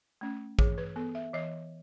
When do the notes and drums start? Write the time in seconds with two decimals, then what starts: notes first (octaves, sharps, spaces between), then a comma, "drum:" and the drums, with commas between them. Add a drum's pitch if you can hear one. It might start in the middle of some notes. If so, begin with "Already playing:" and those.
0.21 A3 C#4
0.59 E3 G#4, drum: kick A1
0.78 B4
0.96 B3 A4
1.15 E5
1.33 E3 D#5